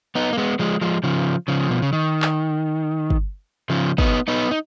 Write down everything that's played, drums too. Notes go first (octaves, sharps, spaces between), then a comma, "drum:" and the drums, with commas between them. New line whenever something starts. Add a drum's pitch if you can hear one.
B3 D#4
A#3
G#3 B3
F3 G#3
F3 G#3
C#3 F3
C#3 F3
B2
C#3
D#3
drum: clap
drum: kick
C#3 F3
B3 D#4, drum: kick
B3 D#4
D#4